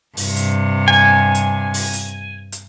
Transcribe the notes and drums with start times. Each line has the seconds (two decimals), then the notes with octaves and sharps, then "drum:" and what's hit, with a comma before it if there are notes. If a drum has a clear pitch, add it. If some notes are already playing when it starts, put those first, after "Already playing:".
0.17 G2 C3, drum: open hi-hat
0.37 drum: hi-hat
0.88 G#5
1.35 drum: hi-hat
1.74 drum: open hi-hat
1.93 drum: hi-hat
2.52 drum: hi-hat